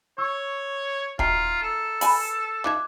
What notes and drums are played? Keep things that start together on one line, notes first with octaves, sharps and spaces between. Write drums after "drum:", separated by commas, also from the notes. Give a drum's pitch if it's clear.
C#5 C#6 E6
D#3 F#3 F4 E5 G5 A#5 C7, drum: kick D#1
A4
B4 G#5 B5, drum: open hi-hat
F3 D#4 E5 D6 F#6 G#6